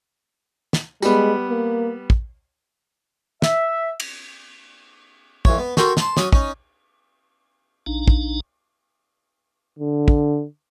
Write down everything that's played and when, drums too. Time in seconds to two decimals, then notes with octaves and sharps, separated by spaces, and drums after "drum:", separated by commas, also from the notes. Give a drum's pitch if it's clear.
0.73 drum: snare
1.02 G3 G#3 B3, drum: tambourine
1.49 A#3
2.10 drum: kick
3.42 E5, drum: snare
4.00 drum: cymbal
5.45 F2 E3 C#5, drum: kick
5.58 B3
5.77 F#4 A4 A#4 G5 C6 C#6, drum: snare
5.97 A5 C6, drum: snare
6.17 F#3 C#4 D#6, drum: snare
6.33 C#4 D#4, drum: kick
7.86 A#1 D4 D#4
8.08 drum: kick
9.79 D3
10.08 drum: kick